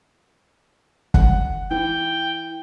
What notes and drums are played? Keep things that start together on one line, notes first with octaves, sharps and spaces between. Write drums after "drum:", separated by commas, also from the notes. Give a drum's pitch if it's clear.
F#5, drum: kick
E3 G5